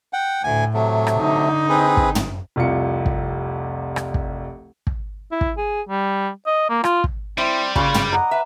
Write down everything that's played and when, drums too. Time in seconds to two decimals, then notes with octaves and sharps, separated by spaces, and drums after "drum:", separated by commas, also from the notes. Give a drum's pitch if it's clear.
0.13 F#5 G5
0.44 D2 A2 G#5
0.74 C3 F#3 A3
1.07 drum: rim click
1.20 D3 D#4
1.69 C4 G#4 B4
1.97 drum: kick
2.15 drum: tom
2.56 F1 C2 F4 C#7
3.06 drum: kick
3.96 drum: rim click
4.14 drum: kick
4.87 drum: kick
5.32 E4
5.41 drum: kick
5.57 G#4
5.89 G3
6.46 D#5
6.69 A#3
6.84 F4, drum: rim click
7.04 drum: kick
7.38 G3 C4 E4 C5
7.76 C#3 A#3 F4 B5 C#6 D6, drum: kick
7.94 drum: tom
8.12 D#5 F#5 A#5
8.31 B4 E5